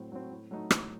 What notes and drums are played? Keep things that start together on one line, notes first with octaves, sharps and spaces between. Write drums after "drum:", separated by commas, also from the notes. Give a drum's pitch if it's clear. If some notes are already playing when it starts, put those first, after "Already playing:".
Already playing: A2 F#3 C4
F#3 C4
A2
F#3 A3 D#4
A2, drum: rim click